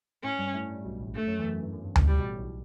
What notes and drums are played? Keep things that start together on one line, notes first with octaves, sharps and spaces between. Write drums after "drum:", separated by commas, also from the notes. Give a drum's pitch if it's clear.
A2 A3 C#4
G2 G3
A2 A3
G2 G3
B1 B2
A1 A2
G2 A3
F#2 F#3
E2 E3
F#2
G2
F#2
G2
F#2, drum: tom D2
G2 G3
B2
A1 A2
B1 B2